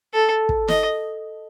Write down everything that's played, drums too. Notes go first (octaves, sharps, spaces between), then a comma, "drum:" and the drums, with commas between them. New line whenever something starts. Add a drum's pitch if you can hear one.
A4
drum: kick
D#5, drum: snare